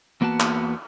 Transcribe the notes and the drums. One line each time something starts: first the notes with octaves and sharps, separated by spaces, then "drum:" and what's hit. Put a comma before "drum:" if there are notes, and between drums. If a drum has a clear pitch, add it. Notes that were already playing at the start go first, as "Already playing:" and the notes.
E2 A#3 B3 F#4 A5
drum: clap